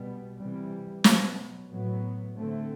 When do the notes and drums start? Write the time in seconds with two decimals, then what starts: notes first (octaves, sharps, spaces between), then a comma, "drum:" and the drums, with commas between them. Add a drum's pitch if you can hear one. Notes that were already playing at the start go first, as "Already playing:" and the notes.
Already playing: B2 G3 B3
0.39 C3 E3 G3
1.04 B2 F#3 B3, drum: snare
1.70 A2 F#3 B3
2.35 D3 A3 C4